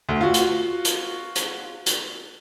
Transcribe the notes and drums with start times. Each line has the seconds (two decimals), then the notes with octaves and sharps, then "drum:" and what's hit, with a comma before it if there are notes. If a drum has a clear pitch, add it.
0.09 D2
0.21 F4 F#4
0.34 drum: hi-hat
0.85 drum: hi-hat
1.36 drum: hi-hat
1.86 drum: hi-hat